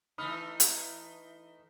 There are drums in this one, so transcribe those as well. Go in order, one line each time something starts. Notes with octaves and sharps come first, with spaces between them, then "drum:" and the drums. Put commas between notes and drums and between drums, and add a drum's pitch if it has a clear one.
E3 A3 D#4 B5 D#6 F6
drum: hi-hat